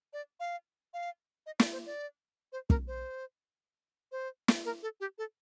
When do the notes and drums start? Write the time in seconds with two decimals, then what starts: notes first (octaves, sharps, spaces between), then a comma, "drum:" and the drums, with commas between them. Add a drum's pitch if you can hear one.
0.13 D5
0.40 F5
0.94 F5
1.46 D#5
1.60 D5, drum: snare
1.73 C5
1.86 D5
2.52 C5
2.70 A#4, drum: kick
2.88 C5
4.12 C5
4.48 drum: snare
4.65 A#4
4.83 A4
5.00 G4
5.18 A4